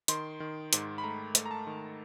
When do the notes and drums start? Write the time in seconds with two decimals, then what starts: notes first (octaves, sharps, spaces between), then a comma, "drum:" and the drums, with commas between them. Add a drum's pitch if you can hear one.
0.08 D#3 C6, drum: hi-hat
0.40 D#3
0.73 G#2, drum: hi-hat
0.98 B5
1.04 A3 A#5
1.35 A3, drum: hi-hat
1.46 A#5
1.51 A5
1.67 D#3